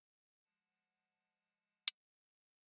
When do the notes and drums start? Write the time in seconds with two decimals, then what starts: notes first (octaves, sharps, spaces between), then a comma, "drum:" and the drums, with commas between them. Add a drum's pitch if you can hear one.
0.45 F3 G#3 F#5 A5
1.88 drum: hi-hat